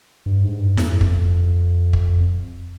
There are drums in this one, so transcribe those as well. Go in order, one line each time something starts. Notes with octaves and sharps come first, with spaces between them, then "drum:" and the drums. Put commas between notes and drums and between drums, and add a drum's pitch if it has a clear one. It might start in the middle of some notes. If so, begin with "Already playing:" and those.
G2
G#2
G2
F2, drum: snare E4
drum: kick
drum: kick